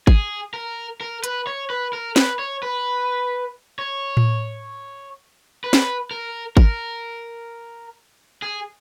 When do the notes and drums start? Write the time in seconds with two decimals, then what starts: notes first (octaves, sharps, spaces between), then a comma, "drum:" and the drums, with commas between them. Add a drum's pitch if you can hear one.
0.07 G#4, drum: kick G#1
0.54 A#4
1.01 A#4
1.24 B4, drum: hi-hat
1.47 C#5
1.70 B4
1.93 A#4
2.16 B4, drum: snare
2.39 C#5
2.63 B4
3.79 C#5
4.17 drum: tom A2
5.64 B4
5.73 drum: snare
6.11 A#4
6.57 A#4, drum: kick G#1
8.42 G#4